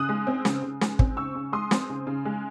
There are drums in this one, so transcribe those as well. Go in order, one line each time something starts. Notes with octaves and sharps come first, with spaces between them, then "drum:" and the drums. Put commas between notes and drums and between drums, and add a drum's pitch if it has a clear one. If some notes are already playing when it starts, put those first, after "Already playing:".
Already playing: C#3 D#6 F#6
G#3
C4
C#3, drum: snare
C#3
G#3, drum: snare
C4, drum: kick
C#3 C#6 E6
C#3
G#3 C6 D#6
C4, drum: snare
C#3
C#3
G#3